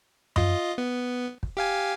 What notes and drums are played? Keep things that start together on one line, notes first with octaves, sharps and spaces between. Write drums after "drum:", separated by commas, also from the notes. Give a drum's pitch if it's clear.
F4 D#5, drum: tom F#2
B3
drum: kick
G4 F5 G#5